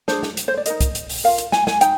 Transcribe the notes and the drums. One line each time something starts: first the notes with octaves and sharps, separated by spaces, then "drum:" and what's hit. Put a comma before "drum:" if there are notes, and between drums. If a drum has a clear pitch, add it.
D4 G#4 C5, drum: snare
drum: snare
drum: hi-hat
C5
D5
D#4 A#4 D#5, drum: hi-hat
drum: kick C2, hi-hat
drum: hi-hat
drum: open hi-hat
F4 A#4 F5
drum: hi-hat
G#5, drum: snare
G#5, drum: snare
D#4 G5, drum: hi-hat